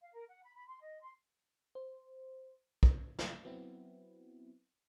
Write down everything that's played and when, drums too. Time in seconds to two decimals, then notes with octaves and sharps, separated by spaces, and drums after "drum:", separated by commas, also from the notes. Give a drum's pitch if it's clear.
0.01 F5
0.14 A#4
0.28 F#5
0.44 B5
0.55 B5
0.68 C6
0.81 D#5
1.02 C6
1.75 C5
2.83 drum: kick
3.19 drum: snare
3.44 F#3 B3 C4 E4